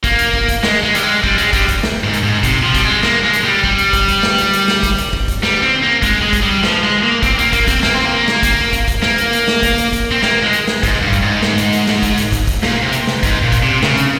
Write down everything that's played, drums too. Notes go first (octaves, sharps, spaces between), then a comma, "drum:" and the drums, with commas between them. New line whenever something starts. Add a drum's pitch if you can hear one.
A#3, drum: kick, hi-hat
drum: hi-hat
drum: kick
drum: kick, hi-hat
G#3, drum: snare
G#3
G3, drum: hi-hat
G#3
G3, drum: kick
G#3, drum: hi-hat
G3, drum: kick, hi-hat
drum: kick, hi-hat
drum: snare
G#2
drum: hi-hat
G#2
C3, drum: kick, hi-hat
F3
G3, drum: kick, hi-hat
G#3
A#3, drum: snare
G#3
drum: hi-hat
G3
G3, drum: kick
drum: hi-hat
drum: kick, hi-hat
drum: kick, hi-hat
drum: snare
drum: hi-hat
drum: hi-hat
drum: snare
drum: kick, hi-hat
drum: hi-hat
drum: kick
drum: kick, hi-hat
G3, drum: snare
C4
A#3
G#3, drum: kick, hi-hat
G#3
drum: kick, hi-hat
G3
F3, drum: snare
G#3
A#3
C4, drum: kick, hi-hat
A#3, drum: hi-hat
A#3, drum: kick, hi-hat
C4, drum: kick, hi-hat
A#3, drum: snare
C4
A#3
drum: snare
drum: kick, hi-hat
drum: kick, hi-hat
drum: kick, hi-hat
A#3, drum: snare
drum: hi-hat
drum: hi-hat
drum: snare
drum: kick, hi-hat
drum: hi-hat
drum: kick, hi-hat
C4
A#3, drum: snare
G#3
drum: hi-hat
drum: snare
G#2, drum: kick, hi-hat
G2
drum: kick, hi-hat
G#2
drum: snare
drum: hi-hat
drum: hi-hat
drum: snare
drum: kick, hi-hat
drum: hi-hat
drum: kick, hi-hat
drum: kick, hi-hat
A#2, drum: snare
C3
drum: hi-hat
drum: snare
G#2, drum: kick, hi-hat
A#2
drum: kick, hi-hat
C3
C#3, drum: snare
drum: hi-hat